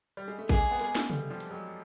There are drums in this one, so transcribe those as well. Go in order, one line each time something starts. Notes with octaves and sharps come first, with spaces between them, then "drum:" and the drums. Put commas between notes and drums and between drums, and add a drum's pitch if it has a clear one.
G3
G#3
A3
G#3 A#3 G#4, drum: kick A1, hi-hat
B3
G#3 A#3, drum: hi-hat
drum: snare
G3 A3, drum: tom C3
F3 G3
drum: hi-hat
F#3 G#3